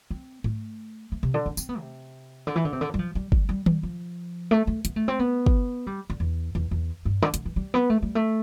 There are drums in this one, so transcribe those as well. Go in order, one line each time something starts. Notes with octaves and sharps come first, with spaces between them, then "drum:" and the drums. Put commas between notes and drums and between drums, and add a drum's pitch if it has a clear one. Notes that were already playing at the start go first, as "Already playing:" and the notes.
C4
A3, drum: tom G#2
A3
C3
D3
C4
C4, drum: tambourine
B3
C3
D3
E3
D3
C3
D3
G3
F3
G3
G3, drum: kick
G3
G3, drum: tom D#3
F3
A3
A3
B3, drum: hi-hat
A3
C4
B3
drum: kick
G3
D3
E2
E2
E2
G2
D3
D3, drum: hi-hat
E3
G3
B3
A3
G3
A3